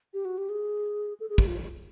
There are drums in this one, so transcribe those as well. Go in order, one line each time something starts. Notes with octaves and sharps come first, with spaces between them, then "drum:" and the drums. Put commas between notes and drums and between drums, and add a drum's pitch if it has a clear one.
G4
F#4
G4
G#4
A4
G#4
G4, drum: kick
F4